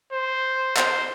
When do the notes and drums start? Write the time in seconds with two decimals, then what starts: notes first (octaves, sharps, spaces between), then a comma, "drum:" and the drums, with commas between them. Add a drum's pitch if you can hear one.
0.13 C5
0.77 C5, drum: clap